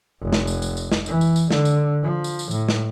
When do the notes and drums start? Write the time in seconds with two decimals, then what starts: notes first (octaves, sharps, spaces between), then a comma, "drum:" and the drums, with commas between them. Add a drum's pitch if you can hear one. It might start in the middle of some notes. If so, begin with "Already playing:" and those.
0.21 F1
0.33 drum: snare
0.47 drum: tambourine
0.62 drum: tambourine
0.77 drum: tambourine
0.92 drum: snare
1.06 E3, drum: tambourine
1.21 drum: tambourine
1.36 drum: tambourine
1.51 D3, drum: snare
1.65 drum: tambourine
2.03 F3
2.24 drum: tambourine
2.39 drum: tambourine
2.51 A2, drum: tambourine
2.69 drum: snare